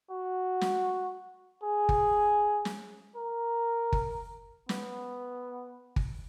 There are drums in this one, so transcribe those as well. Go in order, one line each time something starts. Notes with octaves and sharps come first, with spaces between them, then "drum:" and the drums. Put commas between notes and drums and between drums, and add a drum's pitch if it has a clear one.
F#4
drum: snare
G#4
drum: kick G1
drum: snare
A#4
drum: kick G1
B3, drum: snare
drum: kick G1